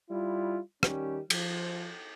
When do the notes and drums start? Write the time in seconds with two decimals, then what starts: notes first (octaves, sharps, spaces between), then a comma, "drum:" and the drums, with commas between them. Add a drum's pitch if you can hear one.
0.11 G3 E4 F4
0.83 D#3 G3 C#4 G4, drum: rim click
1.30 F3, drum: cymbal